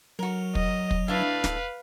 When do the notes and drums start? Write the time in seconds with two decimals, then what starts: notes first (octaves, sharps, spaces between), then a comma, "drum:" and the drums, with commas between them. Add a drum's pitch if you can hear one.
0.19 F#3 F#4 A#4
0.55 D#5, drum: kick
0.91 drum: kick
1.08 A2 D4 E4 B4 F5
1.44 drum: snare